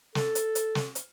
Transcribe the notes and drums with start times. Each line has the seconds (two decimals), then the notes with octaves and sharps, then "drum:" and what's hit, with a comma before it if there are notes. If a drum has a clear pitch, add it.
0.15 A4, drum: snare
0.35 drum: hi-hat
0.55 drum: hi-hat
0.75 drum: snare
0.95 drum: hi-hat